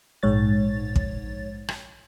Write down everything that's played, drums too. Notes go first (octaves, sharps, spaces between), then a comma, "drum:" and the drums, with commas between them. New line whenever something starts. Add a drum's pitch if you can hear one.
A#1 G#2 C#5 A6
drum: kick
drum: rim click